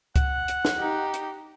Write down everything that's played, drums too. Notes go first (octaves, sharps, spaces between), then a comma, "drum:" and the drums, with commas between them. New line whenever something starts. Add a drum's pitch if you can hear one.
F#5, drum: kick C#2, hi-hat
drum: hi-hat
drum: snare
D#4 G4
drum: hi-hat